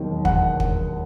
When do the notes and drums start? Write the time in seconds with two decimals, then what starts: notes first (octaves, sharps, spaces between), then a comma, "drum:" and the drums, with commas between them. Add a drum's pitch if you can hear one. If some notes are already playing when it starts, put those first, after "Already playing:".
Already playing: E1 D#2 D#3 F#3
0.25 F#5, drum: kick
0.60 drum: kick